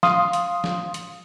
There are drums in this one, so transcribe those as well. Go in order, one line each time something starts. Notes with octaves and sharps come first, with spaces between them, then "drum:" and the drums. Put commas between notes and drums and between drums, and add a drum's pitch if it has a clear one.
F5 C6 D#6, drum: snare F3
drum: hi-hat
drum: snare F3
drum: hi-hat